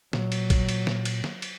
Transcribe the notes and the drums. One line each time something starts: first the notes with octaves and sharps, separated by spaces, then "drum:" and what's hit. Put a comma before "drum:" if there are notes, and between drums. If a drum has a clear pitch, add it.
A#2 F#3, drum: snare
drum: cymbal
drum: kick, cymbal
drum: cymbal
drum: snare
drum: cymbal
drum: snare
drum: cymbal